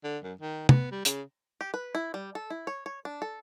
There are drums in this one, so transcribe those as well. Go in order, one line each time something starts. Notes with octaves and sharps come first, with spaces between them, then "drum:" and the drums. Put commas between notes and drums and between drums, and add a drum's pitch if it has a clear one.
D3
F#2
D#3
B3, drum: tom
G3
C#3, drum: hi-hat
G4
B4
E4
G3
A4
E4
C#5
C#5
D4
A4